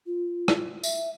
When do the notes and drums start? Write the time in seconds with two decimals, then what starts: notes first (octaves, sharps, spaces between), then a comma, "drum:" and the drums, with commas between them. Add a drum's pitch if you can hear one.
0.06 F4
0.48 drum: rim click
0.83 E5, drum: tambourine